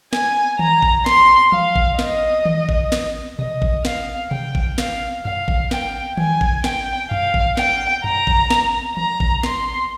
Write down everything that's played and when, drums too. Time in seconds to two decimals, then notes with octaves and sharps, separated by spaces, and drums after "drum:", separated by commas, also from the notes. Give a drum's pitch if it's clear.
0.13 G#5, drum: snare
0.59 A#5, drum: tom
0.82 drum: kick G#1
1.06 C6, drum: snare
1.52 F5, drum: tom
1.76 drum: kick G#1
1.99 D#5, drum: snare
2.45 drum: tom
2.69 drum: kick G#1
2.92 drum: snare
3.39 D#5, drum: tom B2
3.62 drum: kick G#1
3.85 F5, drum: snare
4.31 G5, drum: tom B2
4.55 drum: kick G#1
4.78 F5, drum: snare
5.25 F5, drum: tom F#2
5.48 drum: kick G#1
5.71 G5, drum: snare
6.17 G#5, drum: tom
6.41 drum: kick G#1
6.64 G5, drum: snare
7.11 F5, drum: tom F#2
7.34 drum: kick G#1
7.57 G5, drum: snare
8.04 A#5, drum: tom F#2
8.27 drum: kick G#1
8.50 drum: snare
8.97 A#5, drum: tom
9.20 drum: kick G#1
9.43 C6, drum: snare